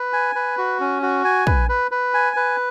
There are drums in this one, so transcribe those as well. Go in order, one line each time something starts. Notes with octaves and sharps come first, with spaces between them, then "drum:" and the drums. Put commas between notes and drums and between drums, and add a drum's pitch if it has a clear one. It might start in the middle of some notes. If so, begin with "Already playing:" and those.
Already playing: B4
G#5
B4
F#4
C#4
F#4
G#5
B4, drum: kick
B4
B4
G#5
B4